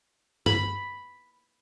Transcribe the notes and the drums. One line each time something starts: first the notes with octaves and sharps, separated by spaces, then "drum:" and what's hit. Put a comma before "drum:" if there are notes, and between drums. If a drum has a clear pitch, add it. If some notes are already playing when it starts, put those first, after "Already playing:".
B5, drum: tom G2